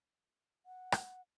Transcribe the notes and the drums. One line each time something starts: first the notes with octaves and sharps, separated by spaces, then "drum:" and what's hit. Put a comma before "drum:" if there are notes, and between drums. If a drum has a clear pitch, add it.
F#5
drum: rim click